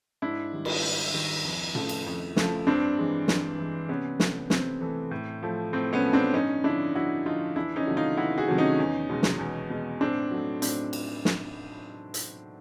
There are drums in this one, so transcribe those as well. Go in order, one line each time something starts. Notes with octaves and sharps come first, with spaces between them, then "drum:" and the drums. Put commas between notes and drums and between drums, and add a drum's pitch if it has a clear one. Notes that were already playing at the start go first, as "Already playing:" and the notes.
G#2 D4 E4
D#3 G3
drum: cymbal
G#2
D#3 G3
F2
C#3 F3 A3, drum: tom
drum: cymbal
F2
C#3 F3 A3, drum: snare
G2 C4 D4
E3 G#3
G2, drum: snare
E3 G#3
C3 B3 C#4
E3 A3, drum: snare
C3 C4, drum: snare
E3 A3
A2
F3 A3
A2 C4
B3 C#4
F3 A3
C4 D4
G2 C#4 D#4
D3 F3 D4 E4
G2 E4 F#4
D3 F3 D#4 F4
E2 D4 E4
C#4 D#4
C3 D#3 F#3 A3
D#4 F4
E2 E4 F#4
F#4 G#4
C3 D#3 F#3 A3
C#4 D#4
E2
B2 G#3
drum: snare
E2
B2 G#3
A2 C4 D4
F#3 A3
A2 C4 D4, drum: hi-hat
drum: cymbal
drum: snare
drum: hi-hat